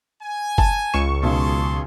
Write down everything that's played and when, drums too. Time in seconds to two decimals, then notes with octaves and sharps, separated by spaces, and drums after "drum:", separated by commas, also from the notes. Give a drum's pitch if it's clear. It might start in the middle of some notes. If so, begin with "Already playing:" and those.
0.22 G#5
0.58 A5, drum: kick
0.94 C#2 C#6 E7
1.23 B1 C#3 G#4 A5 C6